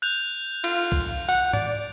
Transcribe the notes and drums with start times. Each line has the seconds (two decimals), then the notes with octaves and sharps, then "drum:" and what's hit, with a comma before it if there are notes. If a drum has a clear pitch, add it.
0.02 F#6 G6 F7
0.64 F4, drum: cymbal
0.92 drum: kick B1
1.29 F#5
1.53 D5, drum: tom G#2